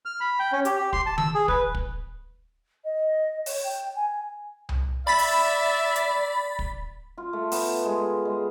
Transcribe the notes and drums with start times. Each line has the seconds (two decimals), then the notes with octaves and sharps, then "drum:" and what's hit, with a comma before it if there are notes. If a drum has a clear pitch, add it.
0.05 F6
0.20 B5
0.39 G5
0.52 C#4
0.65 G4, drum: hi-hat
0.78 G4
0.93 C6, drum: kick
1.06 A5
1.18 E6, drum: tom D#3
1.35 G#4
1.48 B4, drum: kick
1.75 drum: kick
2.84 D#5
3.46 C#5, drum: open hi-hat
3.64 G5
3.96 G#5
4.69 drum: tom C2
5.07 D5 E5 B5 A6 B6
5.19 drum: open hi-hat
5.96 drum: hi-hat
6.59 drum: kick
7.18 F4
7.33 A3
7.52 B3, drum: open hi-hat
7.85 G#3
8.25 G#3